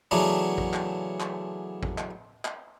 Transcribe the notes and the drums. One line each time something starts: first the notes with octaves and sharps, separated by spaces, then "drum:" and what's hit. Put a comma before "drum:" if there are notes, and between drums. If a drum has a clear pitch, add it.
C#3 E3 F#3 A3 B3 D4
drum: kick A1
drum: clap
drum: clap
drum: kick A1
drum: clap
drum: clap